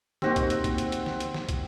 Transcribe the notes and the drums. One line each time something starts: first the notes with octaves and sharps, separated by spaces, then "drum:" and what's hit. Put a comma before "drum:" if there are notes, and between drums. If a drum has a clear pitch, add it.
A#3 C4 D#4 F#4 G4, drum: snare
drum: kick, hi-hat
drum: hi-hat
drum: kick, hi-hat
drum: hi-hat
drum: hi-hat
drum: snare
drum: hi-hat
drum: snare
drum: kick, hi-hat